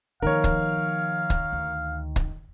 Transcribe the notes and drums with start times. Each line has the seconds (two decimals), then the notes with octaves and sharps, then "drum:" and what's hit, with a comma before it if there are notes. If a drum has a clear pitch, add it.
0.22 D#3 F3 A#3 A#4 C#5 F5
0.44 drum: kick, hi-hat
1.30 drum: kick, hi-hat
1.53 D2
2.16 drum: kick, hi-hat